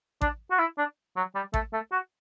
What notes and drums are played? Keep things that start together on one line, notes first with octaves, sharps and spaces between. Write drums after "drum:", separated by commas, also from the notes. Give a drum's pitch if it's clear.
D4, drum: kick A1
F#4
E4
D4
F#3
G3
A3, drum: kick A1
A3
F#4